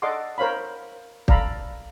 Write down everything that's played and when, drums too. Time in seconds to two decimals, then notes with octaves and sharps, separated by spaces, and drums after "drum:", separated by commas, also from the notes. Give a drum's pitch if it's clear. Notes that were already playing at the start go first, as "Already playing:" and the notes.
0.02 A4 D5 D#5 F#5 C6 D6
0.38 A#4 C5 C#5 F5 B5
1.28 A4 D5 F5 A#5 B5, drum: kick